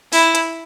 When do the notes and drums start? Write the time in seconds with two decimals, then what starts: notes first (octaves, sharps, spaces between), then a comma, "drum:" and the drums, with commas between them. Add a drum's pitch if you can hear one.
0.13 E4, drum: open hi-hat
0.35 drum: hi-hat